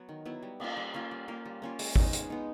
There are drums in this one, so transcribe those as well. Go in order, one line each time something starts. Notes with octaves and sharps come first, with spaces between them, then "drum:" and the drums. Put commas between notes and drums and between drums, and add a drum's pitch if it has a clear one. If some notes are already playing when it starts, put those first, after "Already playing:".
Already playing: F#3 B3
D#3
F#3 B3 E4
G3
A#3 C#4 F4, drum: cymbal
G3
A#3 C#4 F4
G3
A#3 C#4 F4
G3
A#3 C#4 F4
G#3, drum: open hi-hat
B3 D#4, drum: kick G#1
G#3, drum: hi-hat
B3 D#4